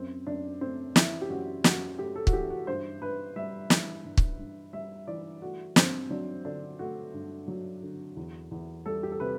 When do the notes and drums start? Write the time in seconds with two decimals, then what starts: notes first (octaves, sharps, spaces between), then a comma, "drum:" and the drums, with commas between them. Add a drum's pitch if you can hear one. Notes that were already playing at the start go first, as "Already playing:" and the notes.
Already playing: F#2 C4
0.27 F#2 D4
0.61 A3 C4
0.96 E3 E4, drum: snare
1.21 G4
1.30 F#2 F#4
1.64 F#2 F#4, drum: snare
1.99 A3 G4
2.16 A4
2.27 F#4, drum: kick
2.33 E3 G4
2.50 F#4
2.67 G2 C5
3.02 G2 B4
3.36 G3 E5
3.70 E3, drum: snare
4.05 G2
4.17 drum: kick
4.39 G2
4.73 G3 E5
5.07 E3 D5
5.42 A3 F#4
5.76 G2 C4, drum: snare
6.10 F#3 D4
6.45 D3 D4
6.79 A3 F#4
7.14 G2
7.48 F#3
7.83 D3
8.17 E2
8.51 E2
8.86 G3 A4
9.03 G4
9.11 A4
9.20 C3 B4